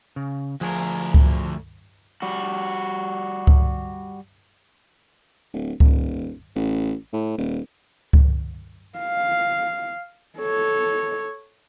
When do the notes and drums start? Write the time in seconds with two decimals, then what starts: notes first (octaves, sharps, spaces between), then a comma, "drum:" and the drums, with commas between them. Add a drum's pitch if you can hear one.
0.16 C#3
0.61 D2 F3 G#4 A#4
1.14 drum: kick C#2
2.22 G3 F#4
3.47 drum: kick C#2
5.53 D1
5.80 D#1, drum: kick C#2
6.55 A1
7.13 A2
7.37 D#1
8.13 drum: kick C#2
8.98 F5
10.39 A4 C#5